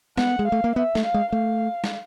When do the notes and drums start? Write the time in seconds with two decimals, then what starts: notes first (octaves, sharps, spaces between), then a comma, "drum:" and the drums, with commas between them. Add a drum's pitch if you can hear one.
0.17 B3 F#5, drum: snare
0.39 G#3
0.47 F5
0.52 A3
0.64 A#3
0.75 B3 E5
0.95 A3, drum: snare
1.04 F5
1.14 G#3
1.32 A3 F5
1.84 drum: snare